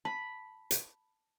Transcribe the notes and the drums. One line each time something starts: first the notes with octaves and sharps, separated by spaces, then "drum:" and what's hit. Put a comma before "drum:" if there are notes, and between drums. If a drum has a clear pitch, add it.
A5 B5
drum: hi-hat